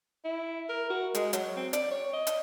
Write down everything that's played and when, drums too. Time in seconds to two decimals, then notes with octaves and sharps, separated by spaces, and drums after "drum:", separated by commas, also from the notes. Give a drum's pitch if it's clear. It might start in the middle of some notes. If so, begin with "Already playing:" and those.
0.24 E4
0.69 A#4
0.90 F#4
1.15 G#3, drum: hi-hat
1.33 F#3, drum: hi-hat
1.56 C4
1.73 D5, drum: hi-hat
1.91 C#5
2.13 D#5
2.27 drum: hi-hat